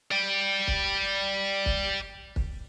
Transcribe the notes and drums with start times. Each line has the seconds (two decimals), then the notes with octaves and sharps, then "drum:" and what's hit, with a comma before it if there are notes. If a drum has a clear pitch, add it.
0.11 D5 G5
0.68 drum: kick
1.66 drum: kick
2.36 drum: kick